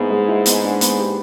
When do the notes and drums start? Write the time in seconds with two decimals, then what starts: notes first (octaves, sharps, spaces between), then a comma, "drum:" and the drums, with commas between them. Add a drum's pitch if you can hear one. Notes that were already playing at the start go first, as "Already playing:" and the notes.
Already playing: G#2 G#3 B3 E4
0.10 G#3
0.28 E4
0.46 B3, drum: hi-hat
0.64 D4
0.81 B3, drum: hi-hat
0.99 G4